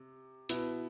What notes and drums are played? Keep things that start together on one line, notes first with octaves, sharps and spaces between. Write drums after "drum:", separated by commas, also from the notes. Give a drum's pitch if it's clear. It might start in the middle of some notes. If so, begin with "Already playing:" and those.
Already playing: C3
B2 B3 E4, drum: hi-hat